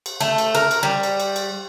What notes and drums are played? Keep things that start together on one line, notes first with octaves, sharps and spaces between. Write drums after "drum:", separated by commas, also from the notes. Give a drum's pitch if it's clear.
drum: cymbal
A3, drum: cymbal
drum: cymbal
A#4, drum: cymbal
drum: cymbal
G3
drum: cymbal
drum: cymbal
drum: cymbal